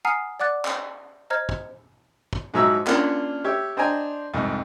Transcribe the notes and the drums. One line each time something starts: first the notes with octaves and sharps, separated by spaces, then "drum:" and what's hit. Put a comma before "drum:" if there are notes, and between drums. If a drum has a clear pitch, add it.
F#5 G#5 A#5 D#6 F6 C7
D5 F#5 D6 F#6 A6
drum: clap
C5 D#5 A#5 F6 G#6
drum: kick
drum: kick
G#2 F3 F#3 E5 A#5 E6
A#3 C#4 D4 F4 F#5, drum: clap
G4 C#5 E5
D4 C5 D#5 G5 G#5 A#5
C2 F2 G#2